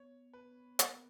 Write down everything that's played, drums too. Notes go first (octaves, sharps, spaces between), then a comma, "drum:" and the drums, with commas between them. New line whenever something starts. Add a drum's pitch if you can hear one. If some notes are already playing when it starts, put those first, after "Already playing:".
Already playing: B3 C#5
B4
A#4, drum: hi-hat